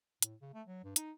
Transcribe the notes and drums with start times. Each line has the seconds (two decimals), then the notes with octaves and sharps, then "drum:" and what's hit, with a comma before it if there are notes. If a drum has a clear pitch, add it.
0.22 A2, drum: hi-hat
0.42 C#3
0.54 A3
0.67 F#3
0.84 G2
0.96 D#4, drum: hi-hat